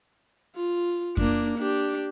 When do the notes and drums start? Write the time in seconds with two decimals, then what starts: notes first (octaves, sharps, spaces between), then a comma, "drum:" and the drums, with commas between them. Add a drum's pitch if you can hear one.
0.56 F4
1.17 A#3 D4, drum: kick F2
1.58 D4 G4